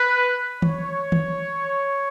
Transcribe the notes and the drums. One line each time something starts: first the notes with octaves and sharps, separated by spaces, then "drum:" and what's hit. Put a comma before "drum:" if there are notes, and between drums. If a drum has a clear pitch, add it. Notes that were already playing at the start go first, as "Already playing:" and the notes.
Already playing: B4
C#5, drum: tom D#3
drum: tom D#3